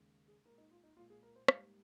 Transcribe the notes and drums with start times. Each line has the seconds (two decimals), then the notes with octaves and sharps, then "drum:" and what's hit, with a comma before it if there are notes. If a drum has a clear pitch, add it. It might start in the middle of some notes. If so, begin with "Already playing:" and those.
Already playing: D#2 C#3 G#3
0.28 G#4
0.45 A#2 G#3 A#4
0.58 D#4
0.71 F4
0.84 D#4
0.97 A#2 G#3 F4
1.10 G#4
1.23 A#4
1.36 C5
1.48 G#2 G3 A#3 F5, drum: rim click